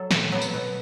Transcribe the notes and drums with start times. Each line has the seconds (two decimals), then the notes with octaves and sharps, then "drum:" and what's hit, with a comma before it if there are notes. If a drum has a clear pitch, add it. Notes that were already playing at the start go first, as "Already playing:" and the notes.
Already playing: F#3 A4
0.11 A#2, drum: snare
0.32 F#3 B3
0.41 drum: tambourine
0.54 B2